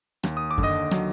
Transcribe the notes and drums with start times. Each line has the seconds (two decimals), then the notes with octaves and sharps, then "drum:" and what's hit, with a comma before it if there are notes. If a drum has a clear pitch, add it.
0.23 D#2, drum: rim click
0.37 D#6
0.51 D6
0.58 D3, drum: kick F#2
0.63 D#5 D#6
0.91 F#3, drum: rim click